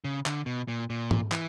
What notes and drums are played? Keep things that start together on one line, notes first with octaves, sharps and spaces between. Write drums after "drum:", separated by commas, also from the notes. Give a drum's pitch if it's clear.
C#3
D3, drum: clap
B2
A#2
A#2
drum: tom G#2
E3, drum: clap